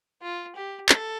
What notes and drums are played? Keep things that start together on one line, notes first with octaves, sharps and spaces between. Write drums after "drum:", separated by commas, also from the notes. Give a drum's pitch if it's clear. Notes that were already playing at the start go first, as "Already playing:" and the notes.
F4
G4
A4, drum: clap